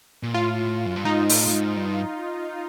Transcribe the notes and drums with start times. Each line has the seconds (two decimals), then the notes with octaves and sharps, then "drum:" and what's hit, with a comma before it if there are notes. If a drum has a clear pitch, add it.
0.23 A#2
0.34 A2 F4
0.86 F#2
0.96 G2
1.05 G#2 D#4
1.29 A2, drum: open hi-hat
1.48 A2
1.53 G#2
1.77 G2